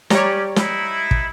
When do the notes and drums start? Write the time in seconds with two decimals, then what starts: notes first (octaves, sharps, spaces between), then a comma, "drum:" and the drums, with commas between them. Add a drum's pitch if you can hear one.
0.10 G3 C#4 G4 C#5 D5 A#5, drum: snare
0.56 D#4 E4, drum: snare
1.11 drum: kick